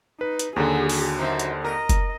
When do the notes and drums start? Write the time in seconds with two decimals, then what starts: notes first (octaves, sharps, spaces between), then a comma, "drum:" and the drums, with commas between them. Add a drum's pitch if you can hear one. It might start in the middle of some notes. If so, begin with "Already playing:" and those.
0.21 D#4 B4
0.39 drum: hi-hat
0.56 D#2 D3 F#3 G#4
0.89 drum: open hi-hat
1.19 F#2 D#4 C5
1.39 drum: hi-hat
1.64 A#4 D#5
1.89 drum: kick F#1, hi-hat